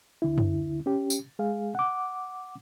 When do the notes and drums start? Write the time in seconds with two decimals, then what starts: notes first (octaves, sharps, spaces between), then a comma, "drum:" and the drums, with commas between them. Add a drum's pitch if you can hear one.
0.22 D2 D3 E4
0.38 drum: tom F#2
0.86 C#4 G4
1.10 drum: tambourine
1.39 G#3 G#4 F5
1.75 F#5 D6